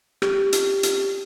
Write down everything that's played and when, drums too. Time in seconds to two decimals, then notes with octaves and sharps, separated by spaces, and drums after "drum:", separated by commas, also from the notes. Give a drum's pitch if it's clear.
0.22 G4, drum: rim click
0.53 drum: hi-hat
0.83 drum: hi-hat